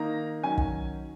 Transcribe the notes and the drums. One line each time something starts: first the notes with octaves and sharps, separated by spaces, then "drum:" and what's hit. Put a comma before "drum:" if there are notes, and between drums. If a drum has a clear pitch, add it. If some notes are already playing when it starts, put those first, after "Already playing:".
Already playing: D#3 A#3 D#4 A#5
D#3 F#3 C#4 G#5
drum: kick